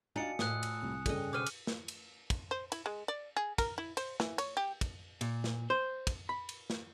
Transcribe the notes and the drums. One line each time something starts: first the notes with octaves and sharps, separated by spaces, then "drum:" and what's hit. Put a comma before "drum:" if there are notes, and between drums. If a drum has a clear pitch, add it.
D4 D#4 F4 F#4 D#5 F5 G#5 C#7
A2 F4 D#6 F#6, drum: snare
drum: cymbal
C2
G2 C#3 G#4 A4 D#5, drum: kick, cymbal
B2 C5 D6 F6 D#7
drum: cymbal
drum: snare
drum: cymbal
drum: kick, cymbal
C5
E4, drum: cymbal
G#3
D5
G#4
A#4, drum: kick, cymbal
E4
C5, drum: cymbal
E3, drum: snare
C#5, drum: cymbal
G4
drum: kick, cymbal
A#2, drum: cymbal
drum: snare
C5
drum: kick, cymbal
B5
drum: cymbal
drum: snare